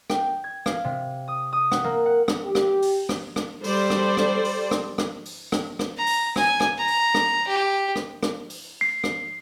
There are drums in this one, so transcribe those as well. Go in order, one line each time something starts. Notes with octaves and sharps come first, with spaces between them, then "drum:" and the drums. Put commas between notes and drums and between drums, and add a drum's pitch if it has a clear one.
G5, drum: rim click
G#6
F5, drum: rim click
C3
D#6
D#6
F#5, drum: rim click
A#3
F#5
drum: rim click
G4
drum: rim click
drum: open hi-hat
drum: rim click
drum: rim click
G3 A4 C5 D5, drum: open hi-hat
drum: rim click
drum: rim click
drum: open hi-hat
drum: rim click
drum: rim click
drum: open hi-hat
drum: rim click
drum: rim click
A#5
drum: open hi-hat
G#5, drum: rim click
drum: rim click
A#5
drum: open hi-hat
drum: rim click
G4
drum: rim click
drum: rim click
drum: open hi-hat
C7
drum: rim click